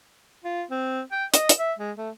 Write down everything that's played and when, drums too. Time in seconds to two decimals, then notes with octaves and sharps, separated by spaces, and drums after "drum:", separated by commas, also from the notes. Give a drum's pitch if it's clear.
0.44 F4
0.71 C4
1.12 G5
1.34 D#5, drum: hi-hat
1.49 drum: hi-hat
1.59 E5
1.79 G#3
1.97 A3